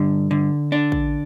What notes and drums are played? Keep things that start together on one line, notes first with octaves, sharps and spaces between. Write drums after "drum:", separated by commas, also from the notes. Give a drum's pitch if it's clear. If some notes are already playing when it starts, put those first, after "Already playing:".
Already playing: G2 D3
D3
D4
drum: kick A1